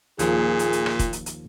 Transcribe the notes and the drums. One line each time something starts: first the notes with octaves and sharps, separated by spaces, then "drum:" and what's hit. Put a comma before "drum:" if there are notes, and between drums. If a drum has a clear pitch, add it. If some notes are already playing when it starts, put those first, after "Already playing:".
D#2 A#2 F3 A#3 G#4, drum: hi-hat
drum: hi-hat
drum: hi-hat
drum: rim click
drum: kick, hi-hat
drum: hi-hat
drum: hi-hat